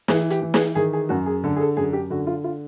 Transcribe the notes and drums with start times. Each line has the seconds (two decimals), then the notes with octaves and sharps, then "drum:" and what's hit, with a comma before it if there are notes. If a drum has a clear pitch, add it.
0.08 E3 G#4, drum: snare
0.30 G4, drum: hi-hat
0.42 E3
0.54 G#4, drum: snare
0.75 D#3 G#4
0.93 G#4
1.09 F#2 F#4
1.26 G#4
1.44 D3 A4
1.56 G#4
1.61 A4
1.77 F#2 G#4
1.93 G4
2.10 D3 F#4
2.27 F4
2.44 F4